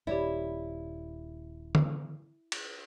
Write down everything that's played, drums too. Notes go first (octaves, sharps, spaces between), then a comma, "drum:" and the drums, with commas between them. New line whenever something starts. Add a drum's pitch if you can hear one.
D#1 G#1 E4 G4 C#5 D5
drum: tom D3
drum: cymbal